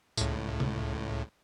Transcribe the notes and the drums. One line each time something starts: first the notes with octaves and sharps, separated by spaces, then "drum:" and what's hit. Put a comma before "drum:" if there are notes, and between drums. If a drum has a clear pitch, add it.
C#2 A2, drum: tambourine
drum: tom C3